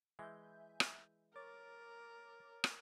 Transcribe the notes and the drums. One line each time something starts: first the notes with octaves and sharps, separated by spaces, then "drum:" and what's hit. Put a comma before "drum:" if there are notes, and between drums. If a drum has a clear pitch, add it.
E3 G#3 E5 G#5 G6
drum: rim click
A#4 C#5 D6 A6
drum: rim click